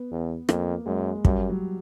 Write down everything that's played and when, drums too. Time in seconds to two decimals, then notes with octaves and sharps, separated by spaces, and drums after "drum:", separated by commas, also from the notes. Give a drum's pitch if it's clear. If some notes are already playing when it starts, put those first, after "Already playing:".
Already playing: B3
0.11 E2
0.49 F2 A#3, drum: rim click
0.86 F#2 G#3
1.25 F#2 G3, drum: kick
1.49 F#3